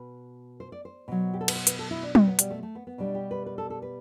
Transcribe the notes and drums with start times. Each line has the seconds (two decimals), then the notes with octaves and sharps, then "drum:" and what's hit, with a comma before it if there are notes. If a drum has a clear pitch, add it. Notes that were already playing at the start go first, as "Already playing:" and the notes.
Already playing: B2 B4
0.60 C5
0.72 D5
0.85 C5
1.08 B2 F#3
1.34 G4
1.41 A4
1.48 B4, drum: cymbal
1.56 C5
1.67 B4, drum: hi-hat
1.79 A4
1.91 E4
2.03 D4
2.15 C4, drum: tom F#3
2.27 B3
2.39 G3, drum: hi-hat
2.50 A3
2.63 A3
2.75 B3
2.87 B3
2.98 B2 G3 D4
3.15 G4
3.31 B4
3.46 B4
3.58 A4
3.70 A4
3.82 B4